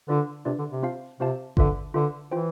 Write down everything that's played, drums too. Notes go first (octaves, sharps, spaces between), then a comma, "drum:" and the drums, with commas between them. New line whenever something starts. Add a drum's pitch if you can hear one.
D3 D4 F4 B4 D5
C3 D4 F4 B4 D5
D3
C3
C4 F4 C5 F5 A5
C3 C4 F4 C5 F5 A5
D3 F4 B4 E5, drum: kick G1
D3 F4 B4 E5
E3 F4 C5 G5